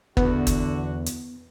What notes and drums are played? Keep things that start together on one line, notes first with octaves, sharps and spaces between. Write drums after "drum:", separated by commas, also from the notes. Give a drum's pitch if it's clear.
E2 D3 B3 F#4, drum: kick
drum: kick, hi-hat
drum: hi-hat